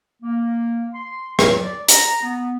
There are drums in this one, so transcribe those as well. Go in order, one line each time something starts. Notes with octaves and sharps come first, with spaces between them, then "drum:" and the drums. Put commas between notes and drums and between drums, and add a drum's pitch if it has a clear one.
A#3
C6
F#3, drum: rim click
D5
A#5, drum: hi-hat
B3